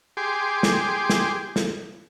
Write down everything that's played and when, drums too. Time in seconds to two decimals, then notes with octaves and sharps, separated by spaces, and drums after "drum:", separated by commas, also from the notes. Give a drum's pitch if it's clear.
0.17 G4 G#4 C6 D6
0.63 drum: snare
1.10 drum: snare
1.56 drum: snare